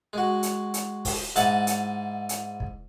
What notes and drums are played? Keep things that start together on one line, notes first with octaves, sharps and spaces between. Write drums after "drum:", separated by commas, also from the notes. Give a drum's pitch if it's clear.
G#3 F#4
drum: hi-hat
drum: hi-hat
drum: kick, open hi-hat
G#2 E4 D#5 F#5 A5, drum: hi-hat
drum: hi-hat
drum: hi-hat
drum: kick